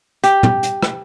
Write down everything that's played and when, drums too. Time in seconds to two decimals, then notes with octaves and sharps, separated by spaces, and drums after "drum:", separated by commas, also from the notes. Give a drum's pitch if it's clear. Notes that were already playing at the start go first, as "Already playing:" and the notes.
0.24 G4, drum: hi-hat
0.43 drum: tom
0.63 drum: hi-hat
0.83 drum: rim click